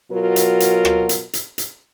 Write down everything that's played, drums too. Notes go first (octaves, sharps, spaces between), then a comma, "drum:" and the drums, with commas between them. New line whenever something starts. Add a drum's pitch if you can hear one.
B2 F#3 F4 F#4 A#4
drum: hi-hat
drum: hi-hat
drum: rim click
drum: hi-hat
drum: hi-hat
drum: hi-hat